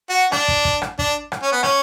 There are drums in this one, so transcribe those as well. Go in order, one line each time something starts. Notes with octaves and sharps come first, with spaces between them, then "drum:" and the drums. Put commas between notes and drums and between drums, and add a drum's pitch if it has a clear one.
F#4
D4, drum: rim click
drum: kick
drum: kick
drum: rim click
D4, drum: kick
drum: rim click
C#4
B3
C#4, drum: rim click